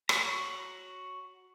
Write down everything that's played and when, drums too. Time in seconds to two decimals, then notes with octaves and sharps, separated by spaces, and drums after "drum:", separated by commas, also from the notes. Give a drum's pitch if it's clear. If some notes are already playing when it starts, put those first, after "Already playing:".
0.09 F#4 C#5 A#5, drum: rim click